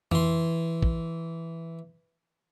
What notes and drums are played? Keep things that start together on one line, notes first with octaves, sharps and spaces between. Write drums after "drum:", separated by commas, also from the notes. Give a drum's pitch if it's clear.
E3 C6, drum: tom F2
drum: kick